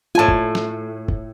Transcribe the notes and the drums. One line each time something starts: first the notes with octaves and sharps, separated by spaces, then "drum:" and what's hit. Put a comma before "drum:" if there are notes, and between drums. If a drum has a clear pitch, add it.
A2 F4 G#5 A5
drum: kick
drum: snare
drum: kick